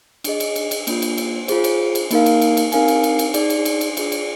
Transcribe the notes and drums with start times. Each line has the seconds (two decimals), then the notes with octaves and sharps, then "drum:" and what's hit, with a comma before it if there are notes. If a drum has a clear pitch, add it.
0.24 D4 G#4 D#5, drum: cymbal
0.40 drum: cymbal
0.56 drum: cymbal
0.71 drum: cymbal
0.87 A#3 D4 F4, drum: cymbal
1.02 drum: cymbal
1.18 drum: cymbal
1.48 F4 G#4 C5, drum: cymbal
1.64 drum: cymbal
1.95 drum: cymbal
2.11 A#3 D#4 A#4 F5, drum: cymbal
2.26 drum: cymbal
2.41 drum: cymbal
2.57 drum: cymbal
2.72 C4 D#4 A#4 F5 G#5, drum: cymbal
2.88 drum: cymbal
3.03 drum: cymbal
3.19 drum: cymbal
3.34 D#4 G#4 D5, drum: cymbal
3.50 drum: cymbal
3.65 drum: cymbal
3.81 drum: cymbal
3.97 D4 F4 G#4 D5, drum: cymbal
4.12 drum: cymbal